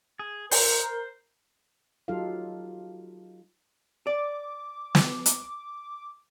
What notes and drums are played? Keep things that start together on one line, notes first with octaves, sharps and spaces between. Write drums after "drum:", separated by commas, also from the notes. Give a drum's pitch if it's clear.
G#4
A#4 C5, drum: open hi-hat
F#3 D#4 F4 G4 A4 F5
D5 D6
drum: snare
drum: hi-hat